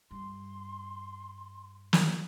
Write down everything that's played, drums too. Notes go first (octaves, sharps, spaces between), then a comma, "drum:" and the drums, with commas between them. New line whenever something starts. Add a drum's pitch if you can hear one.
G2 C6
drum: snare